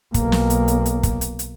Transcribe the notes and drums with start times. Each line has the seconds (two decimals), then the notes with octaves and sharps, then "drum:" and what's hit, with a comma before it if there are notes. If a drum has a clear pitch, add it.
0.14 B1 A#3, drum: kick, hi-hat
0.32 drum: snare
0.50 drum: hi-hat
0.68 drum: hi-hat
0.86 drum: hi-hat
1.03 drum: kick, hi-hat
1.21 drum: hi-hat
1.39 drum: hi-hat